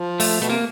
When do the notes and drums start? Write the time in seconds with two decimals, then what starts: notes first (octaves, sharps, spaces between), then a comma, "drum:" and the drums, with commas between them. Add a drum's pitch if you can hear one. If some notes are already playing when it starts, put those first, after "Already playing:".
Already playing: F3
0.20 A3, drum: open hi-hat
0.41 B2 A3
0.50 C3 A#3